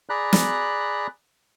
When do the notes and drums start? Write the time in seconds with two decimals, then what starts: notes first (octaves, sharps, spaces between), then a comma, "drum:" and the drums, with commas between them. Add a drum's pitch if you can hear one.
0.09 G#4 D5 A#5 B5 F#6
0.33 drum: snare